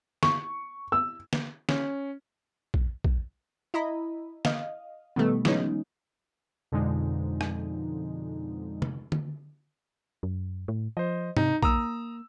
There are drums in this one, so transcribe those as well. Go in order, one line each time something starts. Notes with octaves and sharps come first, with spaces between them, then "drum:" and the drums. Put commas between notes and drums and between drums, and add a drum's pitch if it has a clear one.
C#6, drum: snare
E6
drum: snare
C#4, drum: snare
drum: kick
drum: kick
E4 D#5 A#5 B5
D#5 F5, drum: snare
B2 D#3 G3 A3 B3
E3 F#3 G#3 B3 C#4 D#4, drum: snare
F2 B2 D3 F3 G#3 D#4
drum: rim click
drum: tom
drum: tom D3
F#2
A2
F3 C5 D#5
C3 D#4, drum: tom G#2
A#3 A#5 D#6 E6, drum: kick